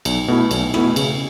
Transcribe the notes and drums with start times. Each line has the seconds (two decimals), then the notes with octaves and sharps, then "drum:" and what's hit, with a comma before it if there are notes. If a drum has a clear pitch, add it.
0.05 B1, drum: cymbal
0.28 B2 A3 E4
0.51 B1, drum: cymbal
0.74 B2 A3 E4, drum: rim click
0.96 C#3, drum: cymbal